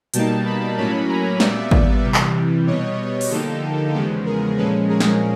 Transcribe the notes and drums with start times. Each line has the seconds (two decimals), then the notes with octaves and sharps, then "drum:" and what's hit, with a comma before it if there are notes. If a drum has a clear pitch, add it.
0.14 B2 G3 A#3 D#4 G5 A5, drum: hi-hat
0.45 A5 B5
0.77 A2 F#3 A#3 C#4 A5 B5
1.09 G#5 A#5
1.40 A#2 G3 B3 D5 E5, drum: snare
1.71 drum: kick G#1
2.04 C3 E3 G3
2.14 drum: clap
2.67 B2 G3 B3 C#5 D#5
3.21 drum: open hi-hat
3.30 D3 F3 A#3 D#4 G4 A4
3.94 E2 C#3 F3 G#3 B3 G4 A4
4.25 G#4 A#4
4.57 A#2 F3 G#3 C#4 A4 B4
4.89 G#4 A#4
5.00 drum: snare